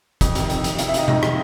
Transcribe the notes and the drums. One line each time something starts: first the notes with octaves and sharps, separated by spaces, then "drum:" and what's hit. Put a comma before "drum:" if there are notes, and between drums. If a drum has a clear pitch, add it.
F2, drum: kick, hi-hat
C3 D#3, drum: hi-hat
F2, drum: hi-hat
C3 D#3, drum: hi-hat
F2 F4 F5, drum: hi-hat
E4 E5
C3 D#3 D#4 D#5, drum: hi-hat
F2 D#4 D#5, drum: tom B2
C3 D#3, drum: rim click